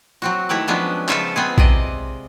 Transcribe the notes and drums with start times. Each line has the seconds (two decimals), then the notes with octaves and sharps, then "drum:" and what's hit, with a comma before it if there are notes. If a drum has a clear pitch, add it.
0.22 F#3 C4 F#4
0.49 D#3 A3 E4 G4 B4
0.67 F3 F#3 G#3 B3 C#4 D4
1.09 C#3 F3 G#3 F4 A4 E5, drum: clap
1.36 B3 C4 G#4
1.58 C3 D5 D#5, drum: kick A#1